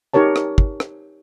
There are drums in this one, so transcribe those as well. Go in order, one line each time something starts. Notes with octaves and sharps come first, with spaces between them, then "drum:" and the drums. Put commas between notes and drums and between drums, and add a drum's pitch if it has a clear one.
D#4 G4 A#4 C#5 A5
drum: rim click
drum: kick
drum: rim click